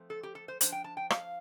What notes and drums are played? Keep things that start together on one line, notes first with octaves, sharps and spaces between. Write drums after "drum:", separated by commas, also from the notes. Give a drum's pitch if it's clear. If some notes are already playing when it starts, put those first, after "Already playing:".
Already playing: F3 A3 C4
A4
G4
A4
C5
F3 D4 C5, drum: hi-hat
G5
A5
G5
F5, drum: rim click